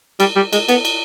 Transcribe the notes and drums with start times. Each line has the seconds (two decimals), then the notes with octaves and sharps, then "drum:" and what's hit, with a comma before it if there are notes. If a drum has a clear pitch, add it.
0.20 G3, drum: cymbal
0.36 G3
0.53 G#3, drum: cymbal
0.68 B3, drum: cymbal
0.85 drum: cymbal